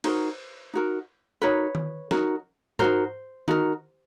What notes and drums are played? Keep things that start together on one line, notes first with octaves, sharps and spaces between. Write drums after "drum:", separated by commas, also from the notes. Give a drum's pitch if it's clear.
D#4 F#4 A#4 C5, drum: cymbal
D#4 F#4 A#4
D#4 F#4 A#4 B4 C#5
drum: tom D#3
D#4 F#4 A#4, drum: snare
D#4 F#4 A#4 C5, drum: tom G#2
D#4 F#4 A#4, drum: tom D#3